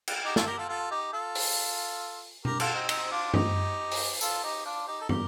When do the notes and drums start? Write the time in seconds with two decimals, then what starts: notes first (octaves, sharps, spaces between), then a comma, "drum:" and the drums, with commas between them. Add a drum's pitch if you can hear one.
0.08 drum: cymbal
0.25 D#4 G4
0.36 F4 A4, drum: snare
0.47 G4 A#4
0.58 F4 A4
0.69 F4 A4
0.91 D#4 G4
1.13 F4 A4
1.35 drum: open hi-hat
2.45 G4 A#4, drum: tom B2
2.60 F4 A4, drum: cymbal
2.74 C4 D#4
2.89 C4 D#4, drum: cymbal
3.11 D4 F4
3.34 D#4 G4, drum: tom
3.92 drum: open hi-hat
4.21 F4 A4, drum: tambourine
4.43 D#4 G4
4.65 D4 F4
4.87 D#4 G4
5.01 A4
5.09 G4 A#4, drum: tom